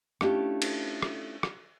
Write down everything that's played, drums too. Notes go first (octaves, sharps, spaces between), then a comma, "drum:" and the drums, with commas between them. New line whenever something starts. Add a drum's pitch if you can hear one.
A3 C#4 D4 E4 F4 G4, drum: rim click
drum: cymbal
drum: rim click
drum: rim click